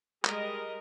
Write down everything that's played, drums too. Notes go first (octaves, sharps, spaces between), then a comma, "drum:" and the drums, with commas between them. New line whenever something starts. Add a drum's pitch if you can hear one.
G3 G#3 A#4 D#5, drum: clap